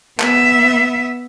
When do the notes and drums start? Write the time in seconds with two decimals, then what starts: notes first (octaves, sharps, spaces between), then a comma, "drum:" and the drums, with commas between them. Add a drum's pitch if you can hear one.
0.20 B3 E5, drum: clap